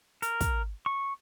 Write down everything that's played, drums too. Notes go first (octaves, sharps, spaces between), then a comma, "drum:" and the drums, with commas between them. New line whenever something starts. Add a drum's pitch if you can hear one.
A#4, drum: hi-hat
drum: kick, hi-hat
C#6